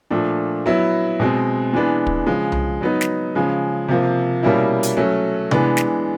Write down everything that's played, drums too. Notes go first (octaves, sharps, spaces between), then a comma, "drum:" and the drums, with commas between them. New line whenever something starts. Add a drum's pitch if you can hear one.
A#2 F3 A3 D4
F#3 B3 E4
B2 G#3 C4
E3 G#3 B3 D4
drum: kick
C#3 F3 G#3
drum: tom C2
F#3 B3 D#4
drum: snare
C#3 F3 G#3
C3 F3 A#3
B2 G3 A#3 C#4 E4
drum: hi-hat
F#3 A3 C#4
E3 G#3 B3 D4, drum: tom C3
drum: snare